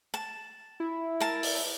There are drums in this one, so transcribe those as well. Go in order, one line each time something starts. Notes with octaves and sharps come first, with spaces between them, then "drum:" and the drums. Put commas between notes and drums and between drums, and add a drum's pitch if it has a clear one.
A5
E4
A#4 A5
drum: open hi-hat